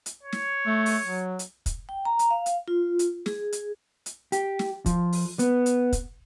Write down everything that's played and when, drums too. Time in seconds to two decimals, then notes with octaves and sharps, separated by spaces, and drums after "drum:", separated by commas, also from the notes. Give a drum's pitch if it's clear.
0.06 drum: hi-hat
0.23 C#5
0.32 drum: snare
0.67 A3
0.86 drum: open hi-hat
1.05 F#3
1.39 drum: hi-hat
1.66 drum: kick, hi-hat
1.89 G5
2.05 A#5
2.19 drum: hi-hat
2.31 F5
2.46 drum: hi-hat
2.68 F4
2.99 drum: hi-hat
3.26 G#4, drum: snare
3.52 drum: hi-hat
4.06 drum: hi-hat
4.32 G4, drum: hi-hat
4.59 drum: snare
4.86 F3, drum: kick, hi-hat
5.13 drum: open hi-hat
5.39 B3, drum: hi-hat
5.66 drum: hi-hat
5.93 drum: kick, hi-hat